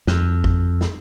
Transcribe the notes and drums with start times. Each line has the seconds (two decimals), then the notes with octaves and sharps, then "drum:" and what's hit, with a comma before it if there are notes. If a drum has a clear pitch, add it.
0.07 F2, drum: snare
0.44 drum: kick G#1
0.81 drum: snare